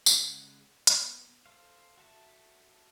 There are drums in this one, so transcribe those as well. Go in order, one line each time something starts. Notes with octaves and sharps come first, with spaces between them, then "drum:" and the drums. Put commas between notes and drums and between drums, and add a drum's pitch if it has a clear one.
C#3 G#3 F#5, drum: tambourine
B3, drum: hi-hat
A4 C5 F5
F#4 A4 E5 A5